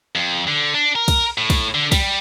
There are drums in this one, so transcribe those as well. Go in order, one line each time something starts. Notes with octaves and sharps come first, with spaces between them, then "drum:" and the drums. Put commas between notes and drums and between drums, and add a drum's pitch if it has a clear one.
F2
D3
D4
A#4
drum: kick, cymbal
A2
drum: kick, cymbal
D3
G3, drum: kick, cymbal